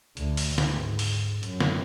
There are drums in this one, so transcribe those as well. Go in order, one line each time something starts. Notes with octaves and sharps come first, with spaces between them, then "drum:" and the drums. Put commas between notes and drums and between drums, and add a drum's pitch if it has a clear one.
D2, drum: hi-hat
drum: open hi-hat
drum: snare
G#2
drum: open hi-hat
F#2, drum: hi-hat
drum: snare